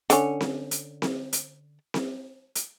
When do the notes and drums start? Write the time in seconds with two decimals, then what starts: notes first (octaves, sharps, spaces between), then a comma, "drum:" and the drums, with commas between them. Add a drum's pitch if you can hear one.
0.10 D3 C#4, drum: hi-hat
0.41 drum: snare C4
0.71 drum: hi-hat
1.02 drum: snare C4
1.33 drum: hi-hat
1.94 drum: snare C4
2.55 drum: hi-hat